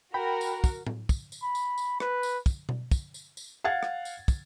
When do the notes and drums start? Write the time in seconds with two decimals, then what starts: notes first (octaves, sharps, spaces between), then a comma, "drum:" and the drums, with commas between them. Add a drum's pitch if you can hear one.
0.14 F#4 A#4 G5 B5
0.41 drum: tambourine
0.64 drum: kick, tambourine
0.87 drum: tom A2
1.09 drum: kick, tambourine
1.32 drum: tambourine
1.43 B5
1.55 drum: tambourine
1.78 drum: tambourine
2.00 B4, drum: rim click
2.23 drum: tambourine
2.46 drum: kick, tambourine
2.69 drum: tom B2
2.91 drum: kick, tambourine
3.14 drum: tambourine
3.37 drum: tambourine
3.64 F5 F#5 G#6 A6
3.83 drum: rim click
4.05 drum: tambourine
4.28 drum: kick, tambourine